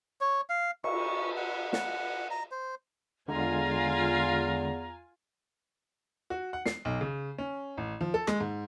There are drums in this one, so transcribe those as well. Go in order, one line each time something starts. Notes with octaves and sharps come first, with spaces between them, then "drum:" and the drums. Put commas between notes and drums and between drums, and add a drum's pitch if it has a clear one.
C#5
F5
C#6, drum: cymbal
F#5
F#5, drum: snare
A#5
C5
E2 D3 G#3 F4 F5 G#5 A#5
F#4
F#5
C7, drum: snare
B1
C#3
C#4
A1
F3
A4
G#3, drum: rim click
G#2